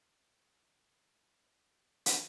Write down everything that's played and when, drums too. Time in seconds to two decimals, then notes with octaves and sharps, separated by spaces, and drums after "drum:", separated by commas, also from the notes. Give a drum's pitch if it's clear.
0.10 E3
0.26 C#3
0.42 E3
0.59 C#3
0.75 E3
0.92 G#3
1.08 E4
1.24 E4
1.40 D#3
1.57 G#3
1.73 G#3
1.89 F2
2.06 drum: hi-hat